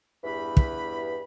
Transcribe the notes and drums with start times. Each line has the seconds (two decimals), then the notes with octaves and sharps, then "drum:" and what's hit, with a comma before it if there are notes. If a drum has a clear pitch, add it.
0.24 E2 G2 E3 B5
0.57 drum: kick